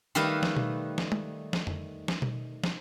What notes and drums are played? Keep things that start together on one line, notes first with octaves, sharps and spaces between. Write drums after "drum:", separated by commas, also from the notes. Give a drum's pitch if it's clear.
D#3 G3 A3 B4 F5
drum: snare
drum: tom B2
drum: snare
drum: tom
drum: snare
drum: tom F2
drum: snare
drum: tom B2
drum: snare